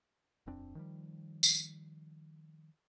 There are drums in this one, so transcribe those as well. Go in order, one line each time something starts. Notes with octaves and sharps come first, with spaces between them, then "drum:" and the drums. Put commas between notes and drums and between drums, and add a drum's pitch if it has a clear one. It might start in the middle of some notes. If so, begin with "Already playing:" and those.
D#1 F2 C4 D4
D#3 F3 G3
drum: tambourine